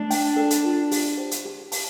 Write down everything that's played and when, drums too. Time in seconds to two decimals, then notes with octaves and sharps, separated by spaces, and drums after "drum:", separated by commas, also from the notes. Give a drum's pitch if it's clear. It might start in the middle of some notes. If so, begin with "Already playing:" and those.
Already playing: A3 D4
0.11 G5, drum: open hi-hat
0.36 A4
0.50 drum: hi-hat
0.65 F4
0.91 G4, drum: open hi-hat
1.18 C5
1.31 drum: hi-hat
1.45 G4
1.72 A5, drum: open hi-hat